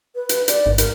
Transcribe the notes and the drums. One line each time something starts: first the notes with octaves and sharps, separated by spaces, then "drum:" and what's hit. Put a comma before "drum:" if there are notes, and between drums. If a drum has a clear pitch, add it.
B4
drum: hi-hat
D5, drum: hi-hat
G#1
A#4, drum: hi-hat